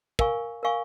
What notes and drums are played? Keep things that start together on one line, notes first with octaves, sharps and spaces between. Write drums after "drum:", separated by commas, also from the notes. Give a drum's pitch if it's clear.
A#4 F5 G#5 C#6, drum: kick
A#4 F5 G#5 C#6